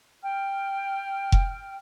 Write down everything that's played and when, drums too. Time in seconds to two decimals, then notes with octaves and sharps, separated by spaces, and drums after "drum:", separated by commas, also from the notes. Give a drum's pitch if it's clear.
0.23 G5 F6
1.32 drum: kick F1